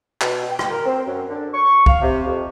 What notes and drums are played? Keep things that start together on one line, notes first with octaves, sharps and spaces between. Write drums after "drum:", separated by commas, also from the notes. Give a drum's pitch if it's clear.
B2, drum: clap
G5
drum: rim click
A#4
C4
F#2
D3
C#6
F5, drum: kick B1
C3
F2